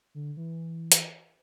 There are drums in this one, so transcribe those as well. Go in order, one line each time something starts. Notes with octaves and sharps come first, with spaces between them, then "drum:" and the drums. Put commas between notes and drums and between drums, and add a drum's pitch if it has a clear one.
D3
E3
drum: hi-hat